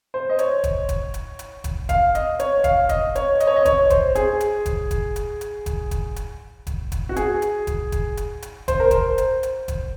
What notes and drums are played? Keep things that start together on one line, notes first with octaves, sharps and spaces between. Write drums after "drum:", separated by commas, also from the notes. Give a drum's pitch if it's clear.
C5
D#5
C#5, drum: hi-hat
drum: kick, hi-hat
drum: kick, hi-hat
drum: hi-hat
drum: hi-hat
drum: kick, hi-hat
F5, drum: kick, hi-hat
D#5, drum: hi-hat
C#5, drum: hi-hat
F5, drum: kick, hi-hat
D#5, drum: kick, hi-hat
C#5, drum: hi-hat
D#5, drum: hi-hat
C#5
D#5
C#5, drum: kick, hi-hat
C5, drum: kick, hi-hat
G#4, drum: hi-hat
drum: hi-hat
drum: kick, hi-hat
drum: kick, hi-hat
drum: hi-hat
drum: hi-hat
drum: kick, hi-hat
drum: kick, hi-hat
drum: hi-hat
drum: kick, hi-hat
drum: kick, hi-hat
F#4
G#4, drum: hi-hat
drum: hi-hat
drum: kick, hi-hat
drum: kick, hi-hat
drum: hi-hat
drum: hi-hat
C5, drum: kick, hi-hat
A#4
C5, drum: kick, hi-hat
drum: hi-hat
drum: hi-hat
drum: kick, hi-hat